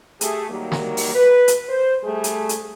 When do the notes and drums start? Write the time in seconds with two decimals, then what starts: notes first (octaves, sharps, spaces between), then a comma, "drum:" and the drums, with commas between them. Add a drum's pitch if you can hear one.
0.21 A3 G4 G#4, drum: hi-hat
0.49 D#3 F#3 G3 A#3
0.72 drum: snare
0.97 drum: open hi-hat
1.14 B4
1.48 drum: hi-hat
1.68 C5
2.03 G3 A3 G#4
2.24 drum: hi-hat
2.49 drum: hi-hat